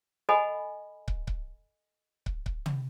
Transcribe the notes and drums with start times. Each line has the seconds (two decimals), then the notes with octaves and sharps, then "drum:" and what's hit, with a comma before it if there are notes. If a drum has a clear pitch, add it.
0.29 A4 D#5 F#5 G#5 B5
1.08 drum: kick
1.27 drum: kick
2.26 drum: kick
2.46 drum: kick
2.66 drum: tom